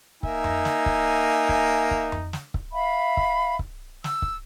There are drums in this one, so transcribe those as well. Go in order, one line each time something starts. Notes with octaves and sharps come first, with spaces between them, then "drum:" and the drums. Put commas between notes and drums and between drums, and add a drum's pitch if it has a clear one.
A#3 D#4 E5 G#5, drum: kick C#1
drum: tom F2
drum: snare
drum: kick C#1
drum: kick C#1
drum: kick C#1
drum: tom F2
drum: snare
drum: kick C#1
E5 F5 B5
drum: kick C#1
drum: kick C#1
E6, drum: snare
drum: kick C#1